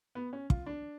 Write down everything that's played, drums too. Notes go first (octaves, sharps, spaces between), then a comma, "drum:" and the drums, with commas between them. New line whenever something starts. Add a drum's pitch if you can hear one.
B3
C#4
F4, drum: kick
D4